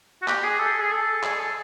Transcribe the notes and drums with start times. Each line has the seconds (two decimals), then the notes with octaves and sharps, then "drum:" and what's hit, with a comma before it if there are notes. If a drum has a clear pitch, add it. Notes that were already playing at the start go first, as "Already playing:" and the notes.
0.22 F#4
0.28 G4, drum: clap
0.44 G#4
0.59 A4
0.81 G#4
0.92 A4
1.23 G#4, drum: clap
1.39 A4